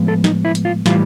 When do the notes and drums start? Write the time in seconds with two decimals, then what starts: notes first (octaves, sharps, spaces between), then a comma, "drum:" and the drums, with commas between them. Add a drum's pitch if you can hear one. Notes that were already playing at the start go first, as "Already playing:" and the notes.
Already playing: A2 F3 G#3 B3
0.08 A4
0.24 D#4, drum: snare
0.45 E4
0.55 drum: hi-hat
0.65 F4
0.86 A2 E3 G3 F4, drum: snare